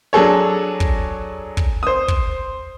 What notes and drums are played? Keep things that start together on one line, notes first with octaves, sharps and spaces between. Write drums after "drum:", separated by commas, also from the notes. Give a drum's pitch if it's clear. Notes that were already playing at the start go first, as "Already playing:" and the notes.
F#3 D4 G#4 A4 C#5
drum: kick
drum: kick
C5 D#6
drum: kick